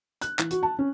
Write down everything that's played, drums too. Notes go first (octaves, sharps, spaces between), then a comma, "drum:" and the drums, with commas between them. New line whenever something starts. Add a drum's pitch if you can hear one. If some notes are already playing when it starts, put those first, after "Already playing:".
F#6, drum: hi-hat
E3, drum: clap
F#4, drum: hi-hat
A5
C#4